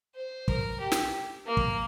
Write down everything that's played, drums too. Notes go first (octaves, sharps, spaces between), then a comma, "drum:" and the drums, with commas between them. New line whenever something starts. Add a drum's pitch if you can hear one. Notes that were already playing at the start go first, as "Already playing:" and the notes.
C5
A#4, drum: kick
G4
drum: snare
A#3
drum: kick